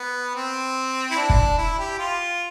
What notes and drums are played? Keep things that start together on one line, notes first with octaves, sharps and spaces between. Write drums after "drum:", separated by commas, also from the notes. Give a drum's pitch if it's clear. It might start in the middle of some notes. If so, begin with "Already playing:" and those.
Already playing: B3
C4
E4
D4
drum: kick
E4
G4
F4